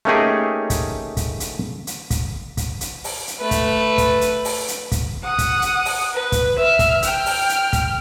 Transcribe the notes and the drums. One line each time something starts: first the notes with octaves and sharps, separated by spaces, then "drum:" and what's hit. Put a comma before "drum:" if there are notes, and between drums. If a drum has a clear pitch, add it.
A3 A#3 C#4 D#4 G4 G#4
drum: kick, hi-hat
drum: kick, hi-hat
drum: hi-hat
drum: hi-hat
drum: kick, hi-hat
drum: kick, hi-hat
drum: hi-hat
drum: open hi-hat
drum: hi-hat
A3 B4
drum: kick, hi-hat
drum: kick, hi-hat
drum: hi-hat
drum: open hi-hat
drum: hi-hat
drum: kick, hi-hat
F#5 D#6
drum: kick, hi-hat
drum: hi-hat
drum: open hi-hat
B4
drum: kick, hi-hat
E5 F6
drum: kick, hi-hat
G5 F6, drum: hi-hat
drum: open hi-hat
drum: hi-hat
drum: kick, hi-hat